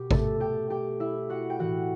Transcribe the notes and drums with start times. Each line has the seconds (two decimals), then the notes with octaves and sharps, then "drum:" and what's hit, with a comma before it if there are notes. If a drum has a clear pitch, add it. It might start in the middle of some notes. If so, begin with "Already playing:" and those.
Already playing: B2 G4
0.11 A3 A4, drum: kick G#1
0.40 G4 G5
0.70 G4 G5
1.00 E4 E5
1.29 F#4 F#5
1.50 G5
1.59 A2 E3 F#4 F#5